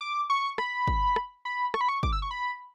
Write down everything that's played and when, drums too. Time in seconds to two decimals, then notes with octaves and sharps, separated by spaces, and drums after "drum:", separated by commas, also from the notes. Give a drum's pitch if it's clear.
0.01 D6
0.30 C#6
0.58 B5, drum: rim click
0.88 drum: kick
1.16 drum: rim click
1.45 B5
1.74 C#6, drum: rim click
1.81 B5
1.89 C#6
2.03 D6, drum: kick
2.13 E6
2.22 C#6
2.31 B5